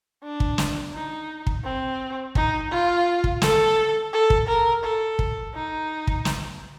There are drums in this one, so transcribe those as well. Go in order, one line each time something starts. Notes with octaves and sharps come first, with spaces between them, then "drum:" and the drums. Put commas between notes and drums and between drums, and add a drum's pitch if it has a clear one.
D4
drum: kick
drum: snare
D#4
drum: kick
C4
D#4, drum: kick
F4
drum: kick
A4, drum: snare
A4
drum: kick
A#4
A4
drum: kick
D#4
drum: kick
drum: snare